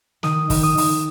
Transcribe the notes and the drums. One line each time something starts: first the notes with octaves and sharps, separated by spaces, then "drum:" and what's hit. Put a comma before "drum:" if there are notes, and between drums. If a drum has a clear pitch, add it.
D#3 D#6, drum: snare
D#3, drum: kick, open hi-hat
D#6
D#3, drum: open hi-hat